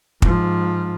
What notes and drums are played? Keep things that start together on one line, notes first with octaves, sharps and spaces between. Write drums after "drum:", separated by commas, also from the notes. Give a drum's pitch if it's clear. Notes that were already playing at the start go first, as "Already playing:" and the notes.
G#2 F3, drum: kick